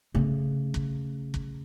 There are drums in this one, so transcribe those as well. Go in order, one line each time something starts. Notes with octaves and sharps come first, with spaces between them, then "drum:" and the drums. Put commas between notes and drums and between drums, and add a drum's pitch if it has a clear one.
C#3 A3
drum: kick
drum: kick